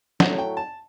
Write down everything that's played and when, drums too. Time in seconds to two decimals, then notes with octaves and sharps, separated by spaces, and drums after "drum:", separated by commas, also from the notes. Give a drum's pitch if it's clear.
0.20 A2 F#3 A3 F#5, drum: snare
0.38 G5
0.57 A5